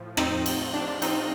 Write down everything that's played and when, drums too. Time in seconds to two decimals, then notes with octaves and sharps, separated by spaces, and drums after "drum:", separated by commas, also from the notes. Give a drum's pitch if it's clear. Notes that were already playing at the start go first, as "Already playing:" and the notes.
Already playing: A2 F3
0.17 C4 D#4, drum: rim click
0.46 drum: cymbal
0.74 D4
1.02 C4 D#4, drum: cymbal